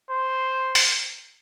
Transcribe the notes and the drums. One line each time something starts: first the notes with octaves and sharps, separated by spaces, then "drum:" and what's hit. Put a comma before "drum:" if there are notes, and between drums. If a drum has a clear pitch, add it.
C5
drum: open hi-hat